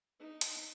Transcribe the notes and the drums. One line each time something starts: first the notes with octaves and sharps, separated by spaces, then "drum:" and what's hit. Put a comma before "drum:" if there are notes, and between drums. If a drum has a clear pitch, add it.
D#4
drum: hi-hat